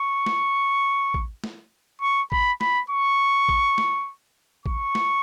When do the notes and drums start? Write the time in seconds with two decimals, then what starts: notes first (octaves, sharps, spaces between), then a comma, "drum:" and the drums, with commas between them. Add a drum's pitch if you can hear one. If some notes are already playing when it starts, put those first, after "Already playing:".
Already playing: C#6
0.26 drum: snare
1.14 drum: kick
1.44 drum: snare
2.02 C#6
2.32 B5, drum: kick
2.61 B5, drum: snare
2.89 C#6
3.49 drum: kick
3.78 drum: snare
4.66 C#6, drum: kick
4.95 drum: snare